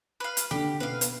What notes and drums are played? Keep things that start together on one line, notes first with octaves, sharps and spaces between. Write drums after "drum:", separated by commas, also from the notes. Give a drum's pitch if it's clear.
B4 F5
drum: hi-hat
D3 D4 G4
B2 B3 B4 F5
B3, drum: hi-hat